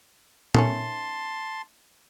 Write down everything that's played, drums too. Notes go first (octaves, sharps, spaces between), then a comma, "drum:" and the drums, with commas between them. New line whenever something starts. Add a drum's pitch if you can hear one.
D#3 A3 C#4 A5 C6, drum: tom A#2